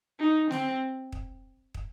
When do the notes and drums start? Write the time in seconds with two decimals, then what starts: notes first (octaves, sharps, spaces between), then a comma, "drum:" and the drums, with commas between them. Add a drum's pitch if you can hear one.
0.20 D#4
0.51 C4, drum: snare
1.12 drum: kick
1.74 drum: kick